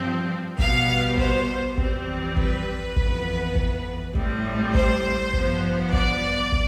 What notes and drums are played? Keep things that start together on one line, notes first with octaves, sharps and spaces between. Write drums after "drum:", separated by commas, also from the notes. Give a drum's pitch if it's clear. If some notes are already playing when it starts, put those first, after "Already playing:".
Already playing: G2 F3 C4
B2 G3 B3 F5, drum: kick
C5, drum: kick
F2 E3 G3 C4, drum: kick
B4, drum: kick
F2 E3 B3, drum: kick
drum: kick
A2 G3 C4, drum: kick
C5, drum: kick
G2 F3 B3, drum: kick
D5, drum: kick
drum: kick